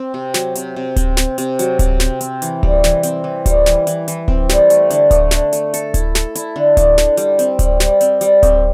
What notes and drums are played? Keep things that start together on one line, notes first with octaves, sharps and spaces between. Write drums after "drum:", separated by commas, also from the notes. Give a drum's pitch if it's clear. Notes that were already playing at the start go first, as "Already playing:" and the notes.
Already playing: C4
C3
F#3, drum: snare
C3, drum: hi-hat
C3
C4, drum: kick D1, hi-hat
C4, drum: snare
C3, drum: hi-hat
F#3, drum: hi-hat
C3, drum: kick D1, hi-hat
C4, drum: snare
C4, drum: hi-hat
E3, drum: hi-hat
G3, drum: kick D1
E3, drum: snare
C4, drum: hi-hat
E3
G3, drum: kick D1, hi-hat
E3, drum: snare
E3, drum: hi-hat
E3, drum: hi-hat
C4, drum: kick D1
G3, drum: snare
A3, drum: hi-hat
D3, drum: hi-hat
A3, drum: kick D1, hi-hat
D3, drum: snare
A3, drum: hi-hat
A4, drum: hi-hat
E4, drum: kick D1, hi-hat
A4, drum: snare
E4, drum: hi-hat
D3
D3, drum: kick D1, hi-hat
D3, drum: snare
G3, drum: hi-hat
C4, drum: hi-hat
G3, drum: kick D1, hi-hat
G3, drum: snare
C4, drum: hi-hat
G3, drum: hi-hat
C4, drum: kick D1, hi-hat